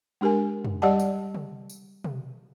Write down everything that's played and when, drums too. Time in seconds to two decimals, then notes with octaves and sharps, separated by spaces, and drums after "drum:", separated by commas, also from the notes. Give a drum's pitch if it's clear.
0.21 G#3 D4 G4 A#4 G#5
0.65 drum: tom
0.82 G3 G4 D5 D#5 F#5 A5
1.00 drum: tambourine
1.35 drum: tom
1.69 drum: tambourine
2.04 drum: tom B2